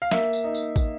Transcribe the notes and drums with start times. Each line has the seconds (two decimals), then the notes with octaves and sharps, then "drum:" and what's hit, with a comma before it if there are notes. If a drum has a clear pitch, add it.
0.02 F5
0.11 A#3 E5, drum: snare
0.33 drum: tambourine
0.44 D#4
0.55 drum: tambourine
0.76 drum: kick, tambourine